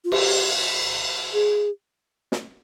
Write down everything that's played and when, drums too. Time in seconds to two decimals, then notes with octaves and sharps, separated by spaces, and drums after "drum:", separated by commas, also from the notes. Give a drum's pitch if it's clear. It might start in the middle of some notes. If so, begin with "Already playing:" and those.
0.04 F4
0.12 G4, drum: cymbal
1.33 G#4
2.32 drum: snare